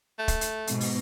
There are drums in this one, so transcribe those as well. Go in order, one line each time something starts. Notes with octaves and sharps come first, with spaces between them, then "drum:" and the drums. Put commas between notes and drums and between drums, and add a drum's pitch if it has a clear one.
A3
drum: kick, hi-hat
drum: hi-hat
G#2 B2, drum: hi-hat
drum: open hi-hat